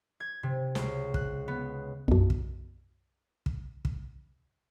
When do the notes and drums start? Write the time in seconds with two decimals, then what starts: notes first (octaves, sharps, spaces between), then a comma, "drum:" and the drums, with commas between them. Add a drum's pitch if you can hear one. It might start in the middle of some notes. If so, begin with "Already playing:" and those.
0.20 G#6
0.43 C3
0.75 C#2, drum: snare
1.14 F#6, drum: kick
1.48 B3
2.08 B1 F#2
2.30 drum: kick
3.46 drum: kick
3.85 drum: kick